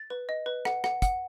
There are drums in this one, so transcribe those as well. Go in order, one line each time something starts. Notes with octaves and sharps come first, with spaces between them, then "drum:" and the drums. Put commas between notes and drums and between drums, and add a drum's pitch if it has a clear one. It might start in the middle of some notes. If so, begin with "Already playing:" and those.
Already playing: A6
B4
D#5
B4
F#5, drum: rim click
F#5, drum: rim click
F#5, drum: kick, hi-hat